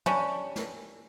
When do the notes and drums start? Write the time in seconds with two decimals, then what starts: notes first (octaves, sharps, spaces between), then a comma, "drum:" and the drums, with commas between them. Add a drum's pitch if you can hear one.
0.06 G3 C#4 D4, drum: tom
0.56 drum: snare